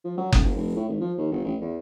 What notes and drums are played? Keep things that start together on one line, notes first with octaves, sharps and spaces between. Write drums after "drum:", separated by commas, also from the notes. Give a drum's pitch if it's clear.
F3
F#3
D#1, drum: kick F#1
F#1
F1
A2
G#1
F3
D#2
G1
A1
E2